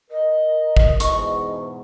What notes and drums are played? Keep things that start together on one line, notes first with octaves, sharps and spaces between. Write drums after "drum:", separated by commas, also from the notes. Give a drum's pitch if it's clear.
A#4 D#5
drum: kick
E2 G#2 B2 C#6, drum: hi-hat